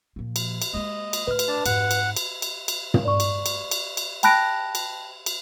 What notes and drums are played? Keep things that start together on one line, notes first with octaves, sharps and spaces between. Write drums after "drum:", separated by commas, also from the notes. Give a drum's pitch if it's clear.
A#2 F3
drum: cymbal
drum: cymbal
G#3 A#3 D#5
drum: cymbal
A2 B4 F6
drum: cymbal
D4 A5
F2 G#2 F#5, drum: cymbal
drum: cymbal
drum: cymbal
drum: cymbal
drum: cymbal
drum: tom
D5 C#6
drum: cymbal
drum: cymbal
drum: cymbal
drum: cymbal
G5 A5 B5 F#6 A#6 D7, drum: cymbal
drum: cymbal
drum: cymbal